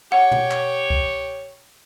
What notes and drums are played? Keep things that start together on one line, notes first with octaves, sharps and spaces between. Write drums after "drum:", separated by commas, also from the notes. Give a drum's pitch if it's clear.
G4 C#5 F#5
drum: tom
drum: clap
drum: kick C2